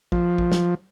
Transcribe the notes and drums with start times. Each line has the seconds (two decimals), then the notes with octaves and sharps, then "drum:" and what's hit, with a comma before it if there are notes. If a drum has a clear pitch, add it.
0.12 F3, drum: kick A1
0.38 drum: kick A1
0.52 drum: snare